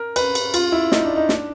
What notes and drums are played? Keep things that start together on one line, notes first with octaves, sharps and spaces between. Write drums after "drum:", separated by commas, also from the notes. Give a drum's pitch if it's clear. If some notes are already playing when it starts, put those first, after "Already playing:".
Already playing: A#4
B4, drum: cymbal
drum: cymbal
F4, drum: cymbal
E4
D#4, drum: snare
D4
D#4
D4, drum: snare